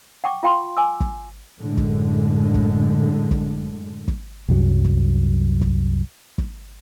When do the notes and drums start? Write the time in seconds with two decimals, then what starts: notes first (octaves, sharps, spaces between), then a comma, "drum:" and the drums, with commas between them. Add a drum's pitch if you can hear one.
0.24 F#5 G5 C#6 D6
0.43 F4 F5 G5 C6
0.77 G#5 D6 E6
1.00 drum: kick
1.59 F#2 A2 D3 G#3
1.77 drum: kick
2.54 drum: kick
3.31 drum: kick
4.08 drum: kick
4.49 C2 F#2 F#3
4.85 drum: kick
5.61 drum: kick
6.38 drum: kick